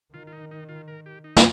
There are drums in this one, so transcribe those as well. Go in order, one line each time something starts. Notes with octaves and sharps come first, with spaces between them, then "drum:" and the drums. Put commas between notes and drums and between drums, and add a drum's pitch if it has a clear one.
D#3 F4
F4
D#4
D#4
F4
A#4
G4
D#4
drum: snare